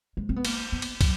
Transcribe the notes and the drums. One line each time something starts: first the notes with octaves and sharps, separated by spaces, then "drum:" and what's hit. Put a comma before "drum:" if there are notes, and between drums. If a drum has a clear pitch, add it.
G#3
C4
B3
A#3, drum: cymbal
B3
drum: cymbal
F#3, drum: kick, cymbal